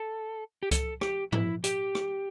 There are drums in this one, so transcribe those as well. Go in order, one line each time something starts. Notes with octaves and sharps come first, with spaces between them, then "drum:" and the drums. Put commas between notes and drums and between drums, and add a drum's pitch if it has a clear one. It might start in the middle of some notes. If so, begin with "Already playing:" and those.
Already playing: A4
G4
A4, drum: kick C#2, hi-hat
G4, drum: rim click
E4, drum: tom G#2
G4, drum: hi-hat
drum: rim click